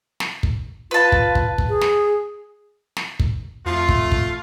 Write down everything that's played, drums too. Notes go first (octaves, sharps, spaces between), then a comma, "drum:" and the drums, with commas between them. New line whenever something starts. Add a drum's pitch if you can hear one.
drum: snare
drum: kick
F4 B4 A5
drum: kick
drum: kick
drum: kick
G#4
drum: snare
drum: snare
drum: kick
F2 A3 F4
drum: kick
drum: kick